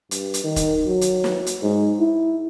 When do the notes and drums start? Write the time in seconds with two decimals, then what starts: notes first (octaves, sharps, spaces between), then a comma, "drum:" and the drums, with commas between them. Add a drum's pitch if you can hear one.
0.11 G2, drum: hi-hat
0.34 drum: hi-hat
0.44 D#3
0.56 drum: kick F1, hi-hat
0.86 F#3
1.01 drum: hi-hat
1.24 drum: snare
1.46 drum: hi-hat
1.63 G#2
1.99 E4